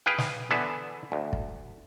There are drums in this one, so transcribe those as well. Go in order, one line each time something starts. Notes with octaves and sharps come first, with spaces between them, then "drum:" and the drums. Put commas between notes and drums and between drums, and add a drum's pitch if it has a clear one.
G#4 B4 F5 G5
drum: snare
D3 E3 B3 G#4 E5
D2
drum: kick